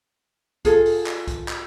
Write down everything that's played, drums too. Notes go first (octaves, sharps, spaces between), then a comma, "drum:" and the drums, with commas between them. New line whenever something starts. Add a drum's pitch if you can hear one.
F4 G#4 A4, drum: kick B1, hi-hat
drum: open hi-hat
drum: clap
drum: kick B1, hi-hat
drum: clap